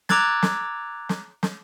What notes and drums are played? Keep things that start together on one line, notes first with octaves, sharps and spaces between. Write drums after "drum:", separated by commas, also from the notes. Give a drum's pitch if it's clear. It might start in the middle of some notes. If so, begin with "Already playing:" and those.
A#5 D6 E6 F#6 G#6 A6, drum: snare
drum: snare
drum: snare
drum: snare